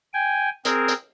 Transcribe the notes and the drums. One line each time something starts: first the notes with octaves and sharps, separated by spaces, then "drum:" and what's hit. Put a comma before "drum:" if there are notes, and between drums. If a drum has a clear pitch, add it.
G5 G#5
C4 G#4 A#4, drum: hi-hat
drum: hi-hat